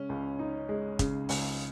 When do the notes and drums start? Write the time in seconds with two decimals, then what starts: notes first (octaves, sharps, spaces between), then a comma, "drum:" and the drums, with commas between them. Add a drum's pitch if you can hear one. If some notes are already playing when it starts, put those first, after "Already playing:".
Already playing: C#3 G#3 C#4
0.09 C#2
0.39 D#4
0.69 G#3
0.99 C#3, drum: kick, hi-hat
1.29 C#2, drum: open hi-hat